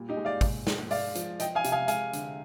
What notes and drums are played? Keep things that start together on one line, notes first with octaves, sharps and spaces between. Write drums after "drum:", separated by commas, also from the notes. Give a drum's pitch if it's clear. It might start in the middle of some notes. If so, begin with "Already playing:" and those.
Already playing: A#2 G3
D#4 G4
G#3
D5 F5
G#3, drum: kick G#1, open hi-hat
F3, drum: snare
G#3 D5 F5, drum: open hi-hat
F3, drum: hi-hat
F3 D#5 G5, drum: hi-hat
F5 G#5
C3, drum: hi-hat
F5 G#5
G#3 F5 G#5, drum: hi-hat
D3, drum: hi-hat